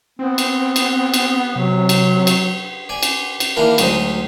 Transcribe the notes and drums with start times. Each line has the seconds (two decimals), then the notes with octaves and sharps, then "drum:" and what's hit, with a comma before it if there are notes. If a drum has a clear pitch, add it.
0.19 B3 C4
0.38 drum: cymbal
0.76 drum: cymbal
1.14 drum: cymbal
1.56 C3 F#3
1.89 drum: cymbal
2.27 drum: cymbal
2.89 D5 G#5
3.03 drum: cymbal
3.40 drum: cymbal
3.56 D#3 E3 A#3 D4 A#4
3.78 D2 F#3 G#3 C4 D#4 D#5, drum: cymbal